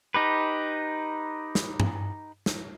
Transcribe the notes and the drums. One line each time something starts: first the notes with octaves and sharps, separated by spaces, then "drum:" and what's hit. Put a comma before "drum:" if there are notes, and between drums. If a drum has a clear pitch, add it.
D#4 G4 B4
drum: snare
drum: tom G2
drum: snare